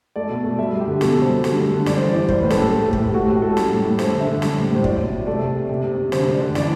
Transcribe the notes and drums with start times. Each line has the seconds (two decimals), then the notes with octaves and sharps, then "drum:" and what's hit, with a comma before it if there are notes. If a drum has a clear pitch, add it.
0.16 A3 D5
0.30 B2
0.44 A3
0.58 G3 E5
0.73 G3
0.80 G4
0.87 D3
1.01 B2 A4, drum: snare
1.15 G3
1.22 C5
1.29 G3
1.44 D3, drum: snare
1.57 A3
1.72 D3
1.86 G3 D5, drum: snare
1.97 E3 C5
2.09 D5
2.15 E3
2.29 G3 C5, drum: kick
2.42 A2 B4
2.50 A4, drum: snare
2.57 A2
2.71 A2 A4
2.86 A3
2.93 G4, drum: kick
3.00 A2
3.14 A3 F#4
3.28 A2 G4
3.42 A3 A4
3.57 G3, drum: snare
3.71 A2
3.85 A2
3.99 A3 C5, drum: snare
4.14 D3
4.20 E5
4.28 D3
4.42 G3, drum: snare
4.56 A2
4.71 A2
4.76 C5
4.84 F#3 D5, drum: kick
4.99 C3
5.13 C3
5.27 A3 D5
5.42 C3
5.55 C3
5.70 C3
5.84 C3
5.98 C3
6.12 D3 C5, drum: snare
6.26 A3
6.34 D5
6.40 D3
6.55 E3 D5, drum: snare